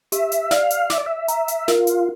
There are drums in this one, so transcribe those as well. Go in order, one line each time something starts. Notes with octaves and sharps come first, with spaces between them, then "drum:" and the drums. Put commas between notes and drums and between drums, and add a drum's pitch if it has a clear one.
G4 E5, drum: hi-hat
drum: hi-hat
D5 F5, drum: snare
drum: hi-hat
E5 D6, drum: snare
D5
E5
A#5, drum: hi-hat
drum: hi-hat
F4 A#4, drum: snare
drum: hi-hat